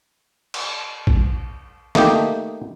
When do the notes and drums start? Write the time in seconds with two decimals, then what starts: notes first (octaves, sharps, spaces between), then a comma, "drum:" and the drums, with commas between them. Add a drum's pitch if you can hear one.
0.54 drum: cymbal
1.07 drum: kick
1.95 A3 A#3 D#4 G4, drum: snare